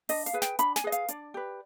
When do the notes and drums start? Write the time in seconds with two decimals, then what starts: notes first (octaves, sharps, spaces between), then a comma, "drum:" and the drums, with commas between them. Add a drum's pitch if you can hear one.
0.09 D4 D#5, drum: open hi-hat
0.26 F5, drum: hi-hat
0.33 G#4 B4
0.42 G5, drum: snare
0.59 D4 B5, drum: hi-hat
0.76 G#5, drum: snare
0.84 G#4 B4 D#5
0.92 F5, drum: hi-hat
1.08 D4 D5, drum: hi-hat
1.34 G4 B4